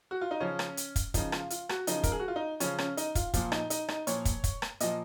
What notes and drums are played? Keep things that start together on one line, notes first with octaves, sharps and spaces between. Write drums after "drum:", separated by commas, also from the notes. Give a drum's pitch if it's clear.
F#4
F4
D#4
C#3 F3 C#4
drum: rim click
drum: hi-hat
drum: kick, hi-hat
C#3 F3 D#4, drum: kick, hi-hat
F4, drum: rim click
F4, drum: hi-hat
F#4, drum: rim click
C#3 F3 D#4, drum: hi-hat
A#4, drum: kick, hi-hat
G#4
F#4
F4
D#4
C#3 F3 C#4, drum: hi-hat
C#4, drum: rim click
D#4, drum: hi-hat
F4, drum: kick, hi-hat
A#2 F3 F4, drum: kick, hi-hat
D#4, drum: rim click
D#4, drum: hi-hat
D#4, drum: rim click
A#2 F3 C#5, drum: hi-hat
drum: kick, hi-hat
drum: kick, hi-hat
drum: rim click
A#2 F3 D#5, drum: hi-hat